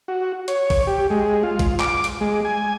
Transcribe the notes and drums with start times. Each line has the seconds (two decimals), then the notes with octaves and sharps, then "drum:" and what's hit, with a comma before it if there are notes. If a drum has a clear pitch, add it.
0.08 F#4
0.48 C#5, drum: hi-hat
0.70 drum: kick A1, open hi-hat
0.87 G4
1.10 G#3
1.43 F4
1.59 drum: kick A1, hi-hat
1.80 D6, drum: clap
2.04 drum: hi-hat
2.21 G#3
2.45 G#5